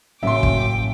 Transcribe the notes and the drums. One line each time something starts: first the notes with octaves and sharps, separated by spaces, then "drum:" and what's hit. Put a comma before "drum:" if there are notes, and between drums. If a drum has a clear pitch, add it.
A1 F#3 A#3 C#4 E5 G5 C6 D6
drum: kick